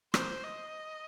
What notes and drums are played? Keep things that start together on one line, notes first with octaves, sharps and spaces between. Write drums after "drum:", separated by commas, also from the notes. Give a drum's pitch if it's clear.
C5, drum: rim click
D#5